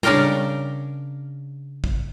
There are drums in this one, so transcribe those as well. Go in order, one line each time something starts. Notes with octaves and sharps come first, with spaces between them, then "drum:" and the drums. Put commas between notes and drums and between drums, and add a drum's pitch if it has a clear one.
C#3 C#4 D4 A#4 G5 A#5, drum: tom G3
drum: kick